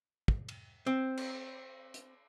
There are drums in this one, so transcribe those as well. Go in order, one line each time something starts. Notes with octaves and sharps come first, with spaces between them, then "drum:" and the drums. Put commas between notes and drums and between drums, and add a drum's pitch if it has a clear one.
drum: kick
drum: cymbal
C4
drum: cymbal
drum: hi-hat